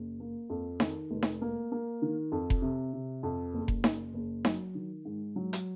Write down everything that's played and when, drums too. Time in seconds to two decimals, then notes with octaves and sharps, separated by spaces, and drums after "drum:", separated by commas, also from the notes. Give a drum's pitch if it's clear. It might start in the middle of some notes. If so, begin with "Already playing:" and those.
Already playing: F#1
0.20 A#3
0.50 F2
0.80 D#3, drum: snare D#4
1.11 F1
1.22 drum: snare D#4
1.42 A#3
1.72 A#3
2.02 D#3
2.32 F2
2.50 drum: kick F1
2.62 C3
2.93 C3
3.23 F2
3.54 F#1
3.68 drum: kick F1
3.84 F#1, drum: snare D#4
4.14 F#1
4.45 F#3, drum: snare D#4
4.75 D#3
5.05 G#2
5.36 F#3
5.53 drum: hi-hat